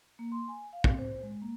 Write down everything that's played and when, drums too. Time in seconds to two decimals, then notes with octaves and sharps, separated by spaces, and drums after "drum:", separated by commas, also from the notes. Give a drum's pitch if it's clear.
0.19 A#3
0.32 C6
0.48 G#5
0.73 F5
0.84 C4, drum: kick
0.98 C5
1.23 G#3
1.42 A#3